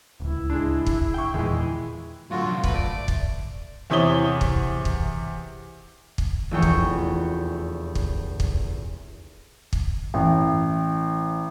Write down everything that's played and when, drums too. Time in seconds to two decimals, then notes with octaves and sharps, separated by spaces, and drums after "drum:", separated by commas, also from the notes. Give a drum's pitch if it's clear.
0.20 D1 C#2 E4
0.50 G#3 D4
0.86 drum: kick
1.14 G5 C#6
1.34 E2 A#2 D#3 E3 G#3
2.31 A2 D3 F#3 F4 F#4
2.46 C3 F#3
2.64 A3 B4, drum: kick
2.75 D5
3.08 drum: kick
3.90 E2 C3 E4 C#5 D#6 G7
4.41 drum: kick
4.85 drum: kick
6.18 drum: kick
6.51 F1 E2 G5 C#6
6.62 drum: kick
7.95 drum: kick
8.40 drum: kick
9.73 drum: kick
10.14 A1